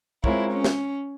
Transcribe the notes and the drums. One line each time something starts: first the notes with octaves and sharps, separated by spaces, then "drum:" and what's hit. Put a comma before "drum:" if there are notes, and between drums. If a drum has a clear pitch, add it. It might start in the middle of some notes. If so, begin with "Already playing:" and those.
G#3 C4 E4 F4 A#4 C#5, drum: kick
C#4
drum: snare